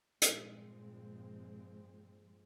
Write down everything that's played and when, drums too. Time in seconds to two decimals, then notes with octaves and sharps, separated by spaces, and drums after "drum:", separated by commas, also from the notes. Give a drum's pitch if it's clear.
0.22 G2 A#2 F3 G#3 C4, drum: hi-hat